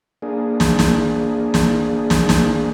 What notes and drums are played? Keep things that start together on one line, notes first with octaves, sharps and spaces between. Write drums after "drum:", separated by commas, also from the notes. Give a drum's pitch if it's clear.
A#3 D4 G#4
drum: snare
drum: snare
drum: snare
drum: snare
drum: snare